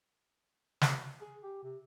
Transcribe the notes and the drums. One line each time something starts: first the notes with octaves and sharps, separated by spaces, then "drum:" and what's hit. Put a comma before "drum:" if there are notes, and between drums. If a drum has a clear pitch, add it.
drum: snare
G#4
G4
C3